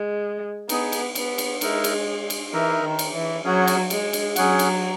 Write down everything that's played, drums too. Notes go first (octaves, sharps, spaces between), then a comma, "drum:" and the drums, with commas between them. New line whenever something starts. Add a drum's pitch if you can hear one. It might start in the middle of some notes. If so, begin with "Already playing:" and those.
Already playing: G#3
B3 D#4 G#4 D#5, drum: cymbal
drum: cymbal
B3, drum: cymbal
drum: cymbal
G#3 D#4 A#4 E5, drum: cymbal
drum: cymbal
drum: cymbal
E3 D#4 A#4 E5
D#3
drum: cymbal
E3
F#3 C#4 G#4 C#5 F#5
drum: cymbal
G#3, drum: cymbal
drum: cymbal
F#3 C#4 G#4 C#5 F#5, drum: cymbal
drum: cymbal